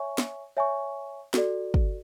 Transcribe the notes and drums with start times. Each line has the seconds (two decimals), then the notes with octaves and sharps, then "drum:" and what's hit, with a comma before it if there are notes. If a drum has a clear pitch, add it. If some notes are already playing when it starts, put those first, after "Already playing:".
Already playing: C#5 E5 G#5 C#6
0.18 drum: snare
0.57 C#5 E5 G#5 C#6
1.34 F#4 A4 D5, drum: snare
1.74 drum: kick